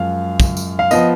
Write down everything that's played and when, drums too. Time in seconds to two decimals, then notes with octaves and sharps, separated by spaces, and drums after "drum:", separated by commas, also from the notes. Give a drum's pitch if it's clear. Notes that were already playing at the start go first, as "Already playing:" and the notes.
Already playing: F#2 F3 G#3 F5
0.40 drum: kick, tambourine
0.57 drum: tambourine
0.79 F5
0.91 F3 B3 D#5, drum: tambourine